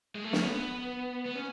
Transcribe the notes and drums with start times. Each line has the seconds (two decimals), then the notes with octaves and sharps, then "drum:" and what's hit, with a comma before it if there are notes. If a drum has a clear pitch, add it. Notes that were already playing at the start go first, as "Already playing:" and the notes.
0.15 G#3
0.24 A3
0.33 C#4, drum: snare
0.42 B3
1.26 B3
1.35 C#4